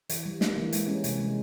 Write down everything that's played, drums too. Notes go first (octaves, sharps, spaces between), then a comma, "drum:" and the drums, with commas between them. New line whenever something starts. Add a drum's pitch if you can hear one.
E3, drum: hi-hat
G3
A#3, drum: snare
E3
G#3, drum: hi-hat
C#4
C3, drum: hi-hat
G#3